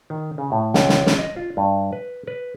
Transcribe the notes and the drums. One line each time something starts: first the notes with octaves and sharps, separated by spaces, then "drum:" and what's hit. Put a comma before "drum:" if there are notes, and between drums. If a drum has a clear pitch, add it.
D#3
C#3
A2
C#2, drum: snare
drum: snare
drum: snare
D#5
F4
G2
B4
B4